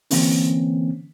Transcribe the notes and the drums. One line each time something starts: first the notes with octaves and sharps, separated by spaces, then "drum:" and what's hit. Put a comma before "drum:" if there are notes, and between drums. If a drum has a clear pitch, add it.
D3 E3 A#3 C4 C#4, drum: open hi-hat